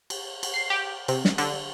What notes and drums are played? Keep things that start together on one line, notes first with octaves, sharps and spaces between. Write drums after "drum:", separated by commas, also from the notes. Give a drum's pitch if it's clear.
drum: cymbal
drum: cymbal
C7
G4
C3, drum: cymbal
drum: snare
D3, drum: cymbal